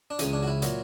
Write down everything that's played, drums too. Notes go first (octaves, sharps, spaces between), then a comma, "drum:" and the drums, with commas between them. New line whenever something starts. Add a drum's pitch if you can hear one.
D4
C#2 C#3 E3 C#4, drum: hi-hat
D4
F#4
E4
A#2 F#3, drum: hi-hat